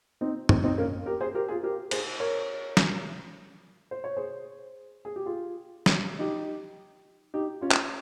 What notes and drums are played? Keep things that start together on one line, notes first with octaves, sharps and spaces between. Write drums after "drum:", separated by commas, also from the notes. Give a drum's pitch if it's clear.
C4 D#4
C4 D#4, drum: tom
C4 D#4
A#3 C#4
G4 A#4
G#4 C5
G4 A#4
F4 G#4
G4 A#4
G#4 C5, drum: cymbal
A#4 C#5
drum: snare
C5
C#5
G#4 C5
G#4
G4
F4 G#4
drum: snare
D#4 G4
D#4 G4
C#4 F4
drum: clap